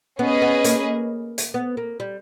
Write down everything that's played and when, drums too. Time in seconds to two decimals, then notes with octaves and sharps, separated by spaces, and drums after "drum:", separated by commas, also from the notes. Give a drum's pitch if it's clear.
0.19 B3 C#4 G#4 B4 D#5
0.42 B3
0.64 A#3, drum: hi-hat
1.38 drum: hi-hat
1.54 B3
1.77 A#3
2.00 G3